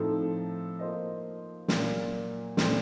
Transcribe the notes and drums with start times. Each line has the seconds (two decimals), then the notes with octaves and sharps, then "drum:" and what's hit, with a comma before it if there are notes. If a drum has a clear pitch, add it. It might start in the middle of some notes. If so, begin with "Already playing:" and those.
Already playing: A2 F3 C4 D#4 A4
0.79 A#3 F4 C5 D#5
1.68 A#2 F#3 A#3, drum: snare
2.57 A#2 A3 C4, drum: snare